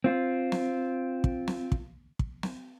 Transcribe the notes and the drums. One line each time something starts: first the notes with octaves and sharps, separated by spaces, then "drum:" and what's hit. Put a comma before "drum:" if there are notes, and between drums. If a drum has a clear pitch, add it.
C4 F4
drum: snare
drum: kick
drum: snare
drum: kick
drum: kick
drum: snare